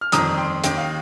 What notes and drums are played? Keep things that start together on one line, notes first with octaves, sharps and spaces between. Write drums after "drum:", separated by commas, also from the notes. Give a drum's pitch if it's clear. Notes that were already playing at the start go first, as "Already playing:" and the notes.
F6
G1 F2 D#3 A#5 D#6, drum: hi-hat
G5 C6
D#2 D#3 G5, drum: hi-hat
F5